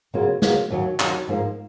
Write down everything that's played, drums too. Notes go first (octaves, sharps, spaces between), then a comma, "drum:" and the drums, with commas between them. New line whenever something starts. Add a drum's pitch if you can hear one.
C#3 F#3 A#3 F4
C#3 F#3 A#3 F4, drum: snare
D#2 D#3 F#3
D#2 D#3 F#3, drum: clap
G#2 F3 A#3